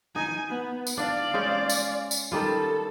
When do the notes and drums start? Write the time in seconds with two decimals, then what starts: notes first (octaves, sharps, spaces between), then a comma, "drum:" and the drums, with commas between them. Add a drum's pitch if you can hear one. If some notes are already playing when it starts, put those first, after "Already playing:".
0.16 D#4 G#5
0.48 B3
0.87 drum: tambourine
0.97 D4 D5 F5
1.34 G#3 C#4 C5
1.69 drum: tambourine
2.11 drum: tambourine
2.32 D#3 G3 F4 A4